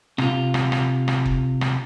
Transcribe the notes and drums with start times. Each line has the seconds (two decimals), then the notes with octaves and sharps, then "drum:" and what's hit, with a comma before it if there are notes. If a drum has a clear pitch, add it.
0.18 C3 F4, drum: rim click
0.54 drum: rim click
0.72 drum: rim click
1.08 drum: rim click
1.26 drum: kick F1
1.61 drum: rim click